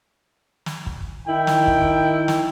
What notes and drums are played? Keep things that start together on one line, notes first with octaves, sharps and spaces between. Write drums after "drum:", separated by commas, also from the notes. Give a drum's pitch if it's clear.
drum: snare
drum: kick
D#3 E4 G5
drum: snare
drum: kick
drum: snare